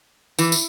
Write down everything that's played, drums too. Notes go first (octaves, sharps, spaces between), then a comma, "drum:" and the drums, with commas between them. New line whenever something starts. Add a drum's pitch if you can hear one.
E3, drum: tambourine
drum: tambourine